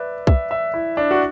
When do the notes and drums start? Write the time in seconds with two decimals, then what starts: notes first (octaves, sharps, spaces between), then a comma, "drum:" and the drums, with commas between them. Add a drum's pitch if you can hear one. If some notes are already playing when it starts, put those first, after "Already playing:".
Already playing: B4 D5 E5
0.27 E5, drum: kick B1
0.51 E5
0.74 E4
0.97 D4
1.11 F#4